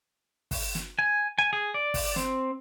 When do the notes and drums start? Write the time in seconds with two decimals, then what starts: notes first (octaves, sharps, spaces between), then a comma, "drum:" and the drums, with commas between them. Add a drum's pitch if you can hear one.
0.51 drum: kick, open hi-hat
0.75 drum: snare
0.99 G#5
1.39 G#5
1.53 G#4
1.74 D5
1.94 drum: kick, open hi-hat
2.16 C4, drum: snare